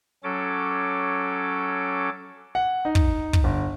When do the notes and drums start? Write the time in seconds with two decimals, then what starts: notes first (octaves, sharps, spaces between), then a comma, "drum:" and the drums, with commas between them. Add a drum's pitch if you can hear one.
0.23 F#3 C#4 A4 D6
2.55 F#5
2.85 D#4
2.95 drum: kick
3.33 drum: kick
3.44 G1